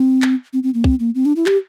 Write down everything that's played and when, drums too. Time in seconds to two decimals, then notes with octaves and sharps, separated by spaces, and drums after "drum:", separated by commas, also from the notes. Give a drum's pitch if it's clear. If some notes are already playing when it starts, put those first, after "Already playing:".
Already playing: C4
0.22 drum: clap
0.53 C4
0.63 C4
0.74 A#3
0.84 C4, drum: kick
1.00 A#3
1.15 C4
1.25 D4
1.36 E4
1.46 G4, drum: clap